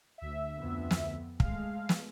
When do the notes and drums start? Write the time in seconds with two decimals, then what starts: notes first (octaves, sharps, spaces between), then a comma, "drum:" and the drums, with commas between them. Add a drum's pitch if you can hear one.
0.18 D2 E5
0.57 F2 B3
0.91 drum: snare
1.40 G#3 A3 F5, drum: kick
1.89 drum: snare